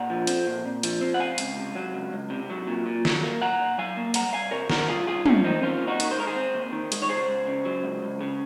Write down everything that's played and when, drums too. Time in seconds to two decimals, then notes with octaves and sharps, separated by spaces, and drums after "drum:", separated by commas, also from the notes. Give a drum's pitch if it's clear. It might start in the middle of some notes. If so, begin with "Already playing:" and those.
Already playing: A#2 F#5 A#5
0.10 F3
0.27 C4, drum: hi-hat
0.47 A#2
0.65 A#2
0.83 F3, drum: hi-hat
1.01 C4
1.14 F#5
1.20 C#2 F5 G#5
1.38 C#2, drum: hi-hat
1.57 C3
1.75 F#3
1.94 C#2
2.13 C#2
2.30 C3
2.50 F#3
2.67 A#2
2.86 A#2
3.05 F#3, drum: snare
3.23 A#3
3.41 A#2 F#5 A#5
3.59 A#2
3.78 F#3 F5 G#5
3.97 A#3
4.14 C2 F#5 A#5, drum: hi-hat
4.33 C2 F5 G#5
4.51 C3 A#4 C#5
4.70 D#3 F#4 A#4, drum: snare
4.88 C2 F4 G#4
5.07 C2 F4 G#4
5.25 C3 C#4 F4, drum: tom
5.44 D#3 C4 D#4
5.62 C4 C#4 F4
5.81 D#2
5.87 D#4 F#4
6.00 D#3, drum: hi-hat
6.11 C5
6.18 G#3 A#4
6.27 G#4 C5
6.36 C4
6.54 D#2
6.72 D#3
6.92 G#3, drum: hi-hat
7.02 C#5
7.09 C#2 G#4 C5
7.28 C#2
7.47 C#3
7.65 F#3
7.84 C#2
8.03 C#2
8.21 C#3